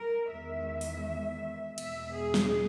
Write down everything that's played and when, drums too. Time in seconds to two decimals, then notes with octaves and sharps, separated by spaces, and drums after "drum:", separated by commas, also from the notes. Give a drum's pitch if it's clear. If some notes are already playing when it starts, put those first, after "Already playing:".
Already playing: A#4
0.30 E2 D#3 G#3 E5
0.81 drum: open hi-hat
1.78 E2 B2 G#3 E5, drum: cymbal
2.15 G#4
2.34 drum: snare